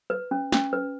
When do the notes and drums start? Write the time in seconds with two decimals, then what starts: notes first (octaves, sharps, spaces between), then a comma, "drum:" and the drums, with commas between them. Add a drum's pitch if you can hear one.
0.10 B4
0.31 C#4
0.52 C#4, drum: snare
0.73 B4